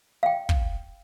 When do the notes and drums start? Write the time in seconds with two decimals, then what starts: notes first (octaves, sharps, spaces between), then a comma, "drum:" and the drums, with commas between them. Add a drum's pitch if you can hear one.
0.23 F5 G5
0.49 drum: kick